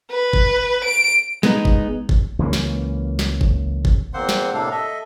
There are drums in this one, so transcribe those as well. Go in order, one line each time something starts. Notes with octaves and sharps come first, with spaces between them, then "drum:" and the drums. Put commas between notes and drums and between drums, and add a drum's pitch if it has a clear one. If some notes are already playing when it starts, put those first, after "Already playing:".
B4
drum: kick F#1
D7
G#3 B3 D#4, drum: snare
drum: kick F#1
drum: kick F#1
C#2 E3 A#3 C#4
drum: snare
drum: snare
drum: kick F#1
drum: kick F#1
E2 A#3 C4 C5 F#5 C6
drum: snare
A2 C3 A#3 D4 A4 F5
A4 D#5 E5